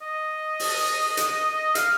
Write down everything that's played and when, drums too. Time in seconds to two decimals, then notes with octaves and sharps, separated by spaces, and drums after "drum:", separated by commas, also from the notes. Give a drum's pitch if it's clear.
0.02 D#5
0.60 drum: open hi-hat
1.17 drum: hi-hat
1.75 F5, drum: hi-hat